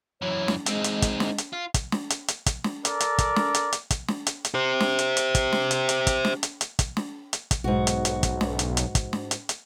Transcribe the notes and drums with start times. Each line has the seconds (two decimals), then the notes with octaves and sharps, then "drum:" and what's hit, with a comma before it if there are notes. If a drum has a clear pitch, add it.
0.22 F#2 E3 C#5
0.48 drum: snare
0.66 G#3 C4 D#4, drum: hi-hat
0.84 drum: hi-hat
1.02 drum: kick, hi-hat
1.20 drum: snare
1.38 drum: hi-hat
1.53 F4
1.74 drum: kick, hi-hat
1.92 drum: snare
2.10 drum: hi-hat
2.28 drum: hi-hat
2.46 drum: kick, hi-hat
2.64 drum: snare
2.85 A4 A#4 D5, drum: hi-hat
3.00 drum: hi-hat
3.18 drum: kick, hi-hat
3.36 drum: snare
3.55 drum: hi-hat
3.73 drum: hi-hat
3.91 drum: kick, hi-hat
4.09 drum: snare
4.27 drum: hi-hat
4.45 drum: hi-hat
4.54 G4 C5
4.81 drum: snare
4.99 drum: hi-hat
5.17 drum: hi-hat
5.35 drum: kick, hi-hat
5.53 drum: snare
5.71 drum: hi-hat
5.89 drum: hi-hat
6.07 drum: kick, hi-hat
6.25 drum: snare
6.43 drum: hi-hat
6.61 drum: hi-hat
6.79 drum: kick, hi-hat
6.97 drum: snare
7.33 drum: hi-hat
7.51 drum: kick, hi-hat
7.64 B1 G#2 F#4
7.87 drum: hi-hat
8.05 drum: hi-hat
8.23 drum: kick, hi-hat
8.41 drum: snare
8.59 drum: hi-hat
8.77 drum: hi-hat
8.95 drum: kick, hi-hat
9.13 drum: snare
9.31 drum: hi-hat
9.49 drum: hi-hat